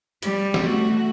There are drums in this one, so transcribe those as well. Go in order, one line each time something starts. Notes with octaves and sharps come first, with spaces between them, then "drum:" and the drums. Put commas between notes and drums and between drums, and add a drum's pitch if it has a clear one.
G3, drum: hi-hat
drum: snare
A3 F#4